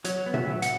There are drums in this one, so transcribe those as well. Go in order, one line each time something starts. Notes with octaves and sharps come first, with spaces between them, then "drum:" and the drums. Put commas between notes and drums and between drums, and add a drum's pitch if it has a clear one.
F#3 C#5, drum: hi-hat
B3
E5, drum: tom A#2
F#3
F#5, drum: hi-hat